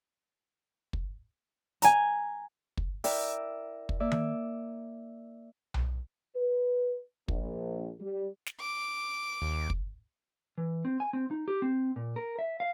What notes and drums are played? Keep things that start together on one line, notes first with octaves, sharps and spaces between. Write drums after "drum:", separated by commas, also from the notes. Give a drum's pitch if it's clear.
drum: kick
G#5 A#5, drum: hi-hat
drum: kick
E4 A#4 D5 E5 G5 A#5, drum: open hi-hat
drum: kick
A#3 D5 E5
drum: tom D#3
drum: tom B1
B4
A#1, drum: kick
G3
drum: snare
D6
D#2
drum: kick
E3
C4
G#5
C4
D#4
G4
C4
A#2
A#4
E5
F5